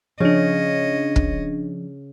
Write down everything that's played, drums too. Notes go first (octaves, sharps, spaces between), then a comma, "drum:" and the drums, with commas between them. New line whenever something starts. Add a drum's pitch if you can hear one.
C#3 F3 D4 C#5 D#5
drum: kick